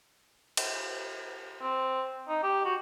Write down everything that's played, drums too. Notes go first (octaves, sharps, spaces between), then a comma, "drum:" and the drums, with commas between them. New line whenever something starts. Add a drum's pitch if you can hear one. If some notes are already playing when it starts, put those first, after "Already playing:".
drum: cymbal
C4
D#4
G4
F#4